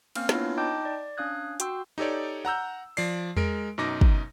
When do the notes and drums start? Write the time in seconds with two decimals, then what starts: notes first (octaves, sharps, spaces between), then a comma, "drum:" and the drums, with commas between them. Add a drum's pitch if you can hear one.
0.15 A#3 C4 C#4 F5 F6, drum: cymbal
0.29 B3 D4 E4 F4 B4 C#5, drum: snare
0.57 D#4 D#5 G5 A5 D6 G6
0.85 D5
1.17 C#4 D4 F5 D#6 F#6 G#6
1.60 F#4 G5 C6 E6, drum: hi-hat
1.98 D#4 G4 A4 C#5 D5
2.45 F#5 A#5 E6 G6
2.97 F3 D5 C7, drum: open hi-hat
3.36 G#3 A#4 D7, drum: tom E2
3.78 F#2 B2 D#4 D6 A#6
4.01 drum: kick